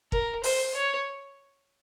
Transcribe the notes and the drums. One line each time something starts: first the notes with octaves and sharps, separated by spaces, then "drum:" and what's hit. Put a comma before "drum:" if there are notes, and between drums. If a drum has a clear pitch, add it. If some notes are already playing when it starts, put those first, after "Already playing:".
A#4, drum: kick
C5, drum: open hi-hat
C#5